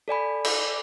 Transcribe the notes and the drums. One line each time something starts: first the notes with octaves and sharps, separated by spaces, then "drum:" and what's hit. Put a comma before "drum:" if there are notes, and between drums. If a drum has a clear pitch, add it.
A4 D5 G#5 B5
drum: cymbal